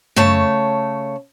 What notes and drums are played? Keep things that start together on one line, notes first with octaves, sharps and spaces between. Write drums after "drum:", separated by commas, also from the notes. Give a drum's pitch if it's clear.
C#3 A3 C#5 A5, drum: tom